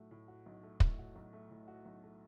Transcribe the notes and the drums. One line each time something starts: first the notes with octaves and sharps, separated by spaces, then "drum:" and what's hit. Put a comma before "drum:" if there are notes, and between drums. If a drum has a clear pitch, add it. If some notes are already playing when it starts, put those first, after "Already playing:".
Already playing: B1 A2 A3 F#4
A2
F#4
B1
A3
A2, drum: kick
F#4
B1
A3
A2
F#4
B1
A3